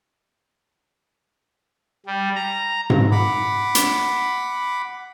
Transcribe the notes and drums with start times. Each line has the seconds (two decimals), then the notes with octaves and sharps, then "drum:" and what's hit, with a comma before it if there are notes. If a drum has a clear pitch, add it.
2.06 G3
2.36 A#5
2.90 drum: tom G#2
3.11 F#5 B5 D6
3.75 drum: hi-hat